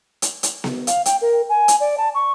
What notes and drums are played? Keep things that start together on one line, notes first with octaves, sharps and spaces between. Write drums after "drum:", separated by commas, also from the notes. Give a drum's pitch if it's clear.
drum: hi-hat
drum: hi-hat
drum: snare B3
F5, drum: hi-hat
G5, drum: hi-hat
A#4
G#5
drum: hi-hat
D5
A5
C#6